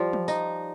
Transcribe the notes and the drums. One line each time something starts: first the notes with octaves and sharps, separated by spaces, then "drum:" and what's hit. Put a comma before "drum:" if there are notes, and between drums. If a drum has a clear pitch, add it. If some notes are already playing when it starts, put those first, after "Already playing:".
Already playing: F3 G3
drum: tom
D#4, drum: tambourine